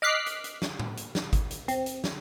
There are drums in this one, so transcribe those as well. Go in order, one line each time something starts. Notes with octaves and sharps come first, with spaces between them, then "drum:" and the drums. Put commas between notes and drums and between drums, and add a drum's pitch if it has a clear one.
D#5 D6 F6 F#6 B6 C7
drum: hi-hat
drum: hi-hat
drum: snare
drum: tom A2
drum: hi-hat
drum: snare
drum: kick G#1, hi-hat
drum: hi-hat
C4, drum: hi-hat
drum: hi-hat
drum: snare